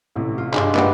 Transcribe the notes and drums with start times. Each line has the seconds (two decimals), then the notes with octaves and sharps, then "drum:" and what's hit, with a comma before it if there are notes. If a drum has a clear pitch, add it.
0.16 A1 A2 C3
0.38 F4
0.53 G2 G#3 D4 C6, drum: clap
0.75 G2 A#3 B3 G4 B4 F#5 G5 D7, drum: clap